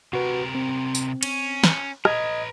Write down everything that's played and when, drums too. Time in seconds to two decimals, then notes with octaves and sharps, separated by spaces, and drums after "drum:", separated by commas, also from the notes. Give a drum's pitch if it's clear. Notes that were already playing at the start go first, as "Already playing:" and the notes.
0.13 C3 F#4 A#4 B4
0.55 C4
0.95 drum: tambourine
1.23 C#4, drum: cymbal
1.64 drum: snare
2.05 B4 D#5 A#5 D#6 G#6, drum: rim click